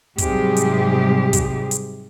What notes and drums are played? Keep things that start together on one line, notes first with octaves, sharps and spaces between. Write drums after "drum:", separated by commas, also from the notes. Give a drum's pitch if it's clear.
G#2 C3 F#3 G3 G4 G#4, drum: kick, hi-hat
drum: hi-hat
drum: kick, hi-hat
drum: hi-hat